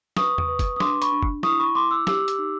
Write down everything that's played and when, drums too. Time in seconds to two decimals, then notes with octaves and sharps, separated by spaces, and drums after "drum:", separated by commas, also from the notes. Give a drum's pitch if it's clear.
0.17 B4 C#6 D#6, drum: snare
0.38 drum: tom E2
0.48 B4
0.59 drum: kick, hi-hat
0.76 D#6
0.80 D4 C6 D6, drum: snare
1.02 B5 C#6, drum: hi-hat
1.12 D4
1.23 drum: kick
1.43 E4 C#6 D#6, drum: snare
1.59 B5 C#6
1.75 E4 C6 D6
1.90 D6 E6
2.07 G4 D6 E6, drum: snare
2.28 drum: hi-hat
2.38 D#4